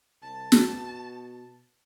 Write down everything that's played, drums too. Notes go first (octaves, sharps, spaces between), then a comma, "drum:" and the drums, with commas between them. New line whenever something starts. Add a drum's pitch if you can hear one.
C2 A5
drum: snare
B2